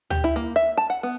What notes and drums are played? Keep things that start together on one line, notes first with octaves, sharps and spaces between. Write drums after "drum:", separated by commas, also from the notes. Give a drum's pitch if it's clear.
G4, drum: tom
E4
A#3
E5
A5
F#5
B3